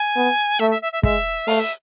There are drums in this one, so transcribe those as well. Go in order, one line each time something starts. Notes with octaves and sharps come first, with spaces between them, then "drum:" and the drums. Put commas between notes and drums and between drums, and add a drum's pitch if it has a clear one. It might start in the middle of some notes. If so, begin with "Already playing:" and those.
Already playing: G#5
B3
A3 E5
E5
E5
E5
G#3 E5, drum: kick
A3 F5, drum: open hi-hat
E5